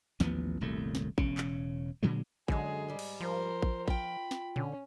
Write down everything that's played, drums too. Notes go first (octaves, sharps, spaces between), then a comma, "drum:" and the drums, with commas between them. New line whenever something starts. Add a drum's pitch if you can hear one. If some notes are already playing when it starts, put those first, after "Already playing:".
A1 D#2 F3 B3, drum: snare
D#1 C2 F#2 A3
drum: snare
E1 C#3 C#4, drum: kick A1
drum: clap
A#2 D3 F#3 G#3
F#2 D3 F#3 G#3 G#4, drum: kick A1
G#2 G3
drum: cymbal
F3 A#4 C5
drum: kick A1
F4 G5 B5, drum: kick A1
drum: snare
D3 C#4, drum: tom